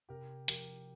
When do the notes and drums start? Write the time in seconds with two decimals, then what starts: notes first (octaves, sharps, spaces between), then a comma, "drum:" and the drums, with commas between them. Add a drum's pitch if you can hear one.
0.09 C3 G4 A#4
0.48 F3 G4 A#4, drum: hi-hat